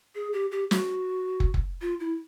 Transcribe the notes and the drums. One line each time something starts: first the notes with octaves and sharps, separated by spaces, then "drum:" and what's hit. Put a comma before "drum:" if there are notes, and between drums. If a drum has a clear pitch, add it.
G#4
G4
G4
F#4, drum: snare
drum: kick
drum: kick
F4
E4